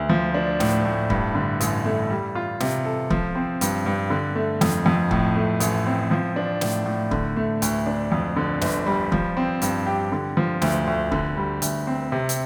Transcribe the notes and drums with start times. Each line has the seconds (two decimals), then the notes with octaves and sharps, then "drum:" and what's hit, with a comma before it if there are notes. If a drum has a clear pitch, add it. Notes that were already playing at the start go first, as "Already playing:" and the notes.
Already playing: D2
0.09 F3
0.34 D4
0.60 A2, drum: snare
0.85 A2
1.10 G2, drum: kick
1.35 D3
1.61 A1, drum: hi-hat
1.85 A3
2.10 G3
2.35 F4
2.60 C3, drum: snare
2.85 A4
3.10 F3, drum: kick
3.35 C4
3.61 G2, drum: hi-hat
3.86 G2
4.10 D3
4.35 A3
4.61 F2, drum: snare
4.86 F2
5.11 A2, drum: kick
5.36 A3
5.60 A1, drum: hi-hat
5.87 C4
6.11 F3
6.36 D4
6.61 A2, drum: snare
6.86 A2
7.11 D3, drum: kick
7.37 A3
7.62 D2, drum: hi-hat
7.86 D4
8.12 F2
8.36 D3
8.61 G1, drum: snare
8.86 G3
9.12 F3, drum: kick
9.37 C4
9.62 G2, drum: hi-hat
9.87 G4
10.12 D3
10.37 F3
10.62 D2, drum: snare
10.87 D2
11.12 D3, drum: kick
11.37 G3
11.62 D2, drum: hi-hat
11.87 C4
12.12 C3
12.29 drum: hi-hat